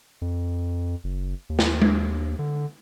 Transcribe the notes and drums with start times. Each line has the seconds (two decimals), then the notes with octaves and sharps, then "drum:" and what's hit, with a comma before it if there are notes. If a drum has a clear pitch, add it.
0.22 F2
1.04 F#1
1.50 D#2
1.59 drum: snare
1.82 drum: tom G#3
2.39 D3